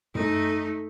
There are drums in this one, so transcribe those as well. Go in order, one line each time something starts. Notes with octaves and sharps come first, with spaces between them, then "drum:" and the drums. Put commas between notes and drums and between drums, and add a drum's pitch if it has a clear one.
A3 D#4, drum: tom